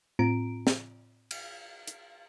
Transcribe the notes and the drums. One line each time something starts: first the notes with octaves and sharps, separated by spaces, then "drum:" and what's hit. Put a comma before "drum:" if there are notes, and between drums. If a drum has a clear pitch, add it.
A2 C4 F4 A#5 D7
drum: snare
drum: cymbal
drum: hi-hat